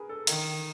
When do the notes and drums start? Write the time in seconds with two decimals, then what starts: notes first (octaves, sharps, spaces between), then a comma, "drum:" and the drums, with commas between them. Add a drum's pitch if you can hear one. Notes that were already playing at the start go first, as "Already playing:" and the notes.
Already playing: G#4 A#4 B4
0.09 A4
0.27 D#3 A#4, drum: hi-hat